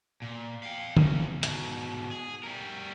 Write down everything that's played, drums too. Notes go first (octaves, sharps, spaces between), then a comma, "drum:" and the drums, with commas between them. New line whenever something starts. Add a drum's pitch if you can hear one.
A#2
F5 G5
E2 C#3, drum: tom D3
G#2 B2, drum: hi-hat
G#4
G3 A#4